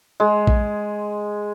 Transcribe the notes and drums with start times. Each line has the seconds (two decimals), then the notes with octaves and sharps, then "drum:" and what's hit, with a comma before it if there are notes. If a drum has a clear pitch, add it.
0.20 G#3
0.47 drum: kick A#1